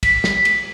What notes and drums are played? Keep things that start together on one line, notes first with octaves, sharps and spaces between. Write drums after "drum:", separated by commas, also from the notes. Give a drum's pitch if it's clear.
B6, drum: kick, cymbal
drum: snare
drum: cymbal